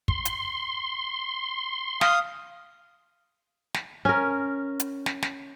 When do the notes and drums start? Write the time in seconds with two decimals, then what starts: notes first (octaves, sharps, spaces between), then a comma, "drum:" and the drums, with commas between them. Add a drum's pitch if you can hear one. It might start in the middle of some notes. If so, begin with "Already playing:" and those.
0.08 C6, drum: kick
0.25 drum: hi-hat
2.01 F5 D#6, drum: snare
3.74 drum: snare
4.05 C#4 A#4
4.80 drum: hi-hat
5.06 drum: snare
5.22 drum: snare